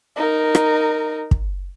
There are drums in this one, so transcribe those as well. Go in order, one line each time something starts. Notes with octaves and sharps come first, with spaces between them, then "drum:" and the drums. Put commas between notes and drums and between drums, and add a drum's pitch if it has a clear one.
D#4 A#4
drum: rim click
drum: kick